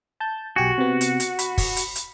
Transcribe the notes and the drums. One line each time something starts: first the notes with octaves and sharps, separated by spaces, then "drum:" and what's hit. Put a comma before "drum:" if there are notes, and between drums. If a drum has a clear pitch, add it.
A5 G6
B1 F#4 G4 G#5
C3 B3
drum: hi-hat
drum: hi-hat
B5, drum: hi-hat
drum: kick, open hi-hat
drum: hi-hat
drum: hi-hat